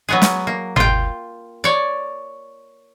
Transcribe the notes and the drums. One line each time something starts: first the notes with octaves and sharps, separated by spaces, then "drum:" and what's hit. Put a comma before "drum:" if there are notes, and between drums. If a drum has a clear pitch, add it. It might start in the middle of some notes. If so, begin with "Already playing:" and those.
F#3 B3 G#4
drum: snare
A#3
F4 G5, drum: tom G1
C#5 D5